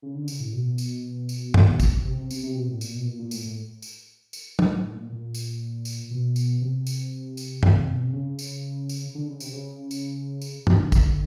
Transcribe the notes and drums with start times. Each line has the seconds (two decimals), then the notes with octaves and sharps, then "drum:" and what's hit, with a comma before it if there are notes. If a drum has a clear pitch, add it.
0.02 C#3
0.15 D3
0.28 C#3, drum: tambourine
0.40 A2
0.53 B2
0.78 drum: tambourine
1.29 drum: tambourine
1.54 drum: tom G2
1.80 drum: kick, tambourine
2.05 C3
2.18 C3
2.31 C3, drum: tambourine
2.43 C3
2.55 B2
2.68 A2
2.81 A#2, drum: tambourine
2.93 B2
3.06 A#2
3.19 A#2
3.31 A2, drum: tambourine
3.44 A2
3.82 drum: tambourine
4.33 drum: tambourine
4.59 G#2, drum: tom
4.75 A2
4.93 A#2
5.09 A#2
5.34 drum: tambourine
5.85 drum: tambourine
6.11 B2
6.36 drum: tambourine
6.61 C3
6.87 drum: tambourine
7.37 drum: tambourine
7.63 drum: tom G2
7.93 B2
8.03 C3
8.13 C#3
8.39 drum: tambourine
8.89 drum: tambourine
9.15 D3
9.27 C#3
9.40 C3, drum: tambourine
9.53 C#3
9.91 drum: tambourine
10.41 drum: tambourine
10.67 D3, drum: tom
10.92 drum: kick, tambourine